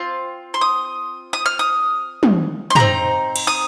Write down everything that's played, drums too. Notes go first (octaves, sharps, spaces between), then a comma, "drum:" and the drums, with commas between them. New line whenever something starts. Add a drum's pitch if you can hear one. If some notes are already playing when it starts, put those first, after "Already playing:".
Already playing: C4 F4
C6
D#6
D#6
F6
D#6
drum: tom
C6
C4 D#4 G4 A#5, drum: tom
drum: cymbal
D#6